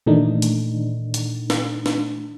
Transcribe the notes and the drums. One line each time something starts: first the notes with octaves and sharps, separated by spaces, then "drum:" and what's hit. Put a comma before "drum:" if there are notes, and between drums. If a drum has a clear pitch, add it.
A#2 D#3 E3 A3 D4 D#4
drum: hi-hat
drum: hi-hat
drum: snare
drum: snare